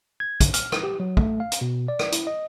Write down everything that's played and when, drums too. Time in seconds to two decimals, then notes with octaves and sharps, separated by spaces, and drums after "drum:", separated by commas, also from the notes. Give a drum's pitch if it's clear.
0.20 G#6
0.40 G1, drum: kick, hi-hat
0.54 F6, drum: hi-hat
0.72 drum: rim click
0.83 G4
1.00 F#3
1.17 A3, drum: kick
1.40 F5
1.52 drum: hi-hat
1.61 B2
1.88 D5
1.99 drum: rim click
2.12 E4, drum: hi-hat
2.27 D#5